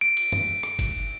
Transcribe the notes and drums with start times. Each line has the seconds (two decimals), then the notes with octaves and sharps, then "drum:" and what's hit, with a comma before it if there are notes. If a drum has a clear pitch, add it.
0.01 D7
0.17 drum: cymbal
0.32 drum: tom
0.63 drum: rim click
0.79 drum: kick, cymbal